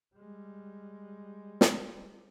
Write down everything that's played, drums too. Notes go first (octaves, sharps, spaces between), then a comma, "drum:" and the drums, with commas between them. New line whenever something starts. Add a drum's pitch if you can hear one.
G3 G#3
drum: snare